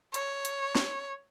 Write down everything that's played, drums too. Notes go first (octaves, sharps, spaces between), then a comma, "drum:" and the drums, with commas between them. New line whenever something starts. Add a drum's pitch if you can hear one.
C#5, drum: hi-hat
drum: hi-hat
drum: snare